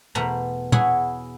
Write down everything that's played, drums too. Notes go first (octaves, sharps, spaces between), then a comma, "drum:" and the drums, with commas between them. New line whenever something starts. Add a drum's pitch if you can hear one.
E2 B2 A3 C5 A#5 B5
E4 F#4 G#4 C#5 F#5, drum: tom